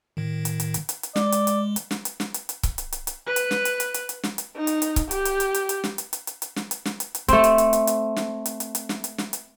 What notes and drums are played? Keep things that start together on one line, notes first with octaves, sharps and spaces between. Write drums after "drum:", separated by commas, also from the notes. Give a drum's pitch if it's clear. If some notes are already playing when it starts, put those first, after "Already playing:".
A2 D#3
drum: hi-hat
drum: hi-hat
drum: hi-hat
drum: hi-hat
drum: hi-hat
G#3 D5, drum: snare
drum: hi-hat
drum: hi-hat
drum: hi-hat
drum: snare
drum: hi-hat
drum: snare
drum: hi-hat
drum: hi-hat
drum: kick C#1, hi-hat
drum: hi-hat
drum: hi-hat
drum: hi-hat
B4
drum: hi-hat
drum: snare
drum: hi-hat
drum: hi-hat
drum: hi-hat
drum: hi-hat
drum: snare
drum: hi-hat
D#4
drum: hi-hat
drum: hi-hat
drum: kick C#1, hi-hat
G4, drum: hi-hat
drum: hi-hat
drum: hi-hat
drum: hi-hat
drum: hi-hat
drum: snare
drum: hi-hat
drum: hi-hat
drum: hi-hat
drum: hi-hat
drum: snare
drum: hi-hat
drum: snare
drum: hi-hat
drum: hi-hat
A3 C4, drum: kick C#1, hi-hat
drum: hi-hat
drum: hi-hat
drum: hi-hat
drum: hi-hat
drum: snare
drum: hi-hat
drum: hi-hat
drum: hi-hat
drum: snare
drum: hi-hat
drum: snare
drum: hi-hat